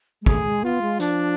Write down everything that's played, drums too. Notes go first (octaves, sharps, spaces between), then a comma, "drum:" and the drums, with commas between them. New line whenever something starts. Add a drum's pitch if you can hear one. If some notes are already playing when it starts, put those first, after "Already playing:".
G#3
A3 G#4, drum: kick
G#3
B3 F4
G#3
F3 D4, drum: hi-hat